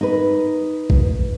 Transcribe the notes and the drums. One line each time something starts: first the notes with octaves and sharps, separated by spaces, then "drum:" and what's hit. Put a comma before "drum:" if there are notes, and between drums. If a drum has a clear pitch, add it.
D#4 B4
drum: kick